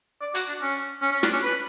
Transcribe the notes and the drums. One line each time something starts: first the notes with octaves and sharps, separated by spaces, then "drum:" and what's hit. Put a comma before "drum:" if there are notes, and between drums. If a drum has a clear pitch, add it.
D5
F#4, drum: hi-hat
D4
C#4
C#4
C#4
D4, drum: snare
C#4
B4